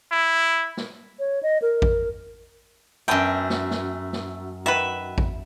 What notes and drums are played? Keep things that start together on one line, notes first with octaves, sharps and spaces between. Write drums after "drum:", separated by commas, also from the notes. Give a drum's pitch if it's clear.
E4
drum: snare
C#5
D#5
A#4
drum: kick A1
F#2 A3 B3 D4 G5
drum: snare
drum: snare
drum: snare
D#3 F#4 B4 E5
drum: kick A1